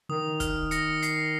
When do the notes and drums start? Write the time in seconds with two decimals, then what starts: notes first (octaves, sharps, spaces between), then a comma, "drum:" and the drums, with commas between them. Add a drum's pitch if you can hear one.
0.09 D#3 D#6
0.40 F6, drum: kick, hi-hat
0.71 A#6 C#7, drum: hi-hat
1.03 C7, drum: hi-hat